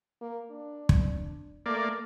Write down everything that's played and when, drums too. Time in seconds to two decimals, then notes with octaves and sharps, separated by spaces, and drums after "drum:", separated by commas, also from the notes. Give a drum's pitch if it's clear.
0.21 A#3
0.50 D4
0.89 drum: kick
1.66 A3 A#3 D5